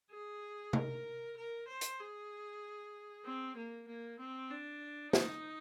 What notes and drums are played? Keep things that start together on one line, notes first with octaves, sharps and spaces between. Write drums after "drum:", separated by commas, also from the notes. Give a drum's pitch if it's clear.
G#4
A#4, drum: tom C3
A#4
C5
drum: hi-hat
G#4
C4
A#3
A#3
C4
D4
D#4, drum: snare